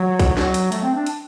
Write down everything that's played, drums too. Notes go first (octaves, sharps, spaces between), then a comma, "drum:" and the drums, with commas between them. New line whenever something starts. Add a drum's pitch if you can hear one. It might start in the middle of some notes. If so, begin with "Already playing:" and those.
Already playing: F#3
drum: kick, hi-hat
F#3, drum: snare
drum: hi-hat
A3, drum: hi-hat
C4
D4
drum: hi-hat